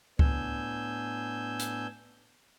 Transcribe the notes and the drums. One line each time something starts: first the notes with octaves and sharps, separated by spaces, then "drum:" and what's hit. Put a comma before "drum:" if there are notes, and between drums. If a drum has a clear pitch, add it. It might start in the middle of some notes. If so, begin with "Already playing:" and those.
A2 B3 D4 G#5 E6 G6, drum: kick C#2
drum: hi-hat